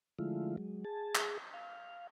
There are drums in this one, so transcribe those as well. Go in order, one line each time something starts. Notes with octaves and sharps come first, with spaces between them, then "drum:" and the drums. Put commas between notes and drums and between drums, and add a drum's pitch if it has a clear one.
D3 F3 G#3 A3 E4 F4
F#3 G#3
G#4 A5
drum: clap
F5